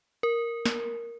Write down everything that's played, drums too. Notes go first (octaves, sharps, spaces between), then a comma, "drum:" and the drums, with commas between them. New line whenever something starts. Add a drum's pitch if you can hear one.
A#4
drum: snare